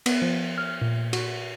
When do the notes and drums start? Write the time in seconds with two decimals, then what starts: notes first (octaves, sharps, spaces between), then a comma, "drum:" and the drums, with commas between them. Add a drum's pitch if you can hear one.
0.06 B3, drum: cymbal
0.22 F3
0.58 F6
0.81 A#2
1.13 F#4, drum: cymbal